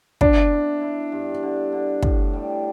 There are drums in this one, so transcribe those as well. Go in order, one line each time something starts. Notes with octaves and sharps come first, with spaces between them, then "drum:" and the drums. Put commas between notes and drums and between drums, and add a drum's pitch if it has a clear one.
B3 D4, drum: kick
E4
E4
G2
D3
D3
A2, drum: kick
G3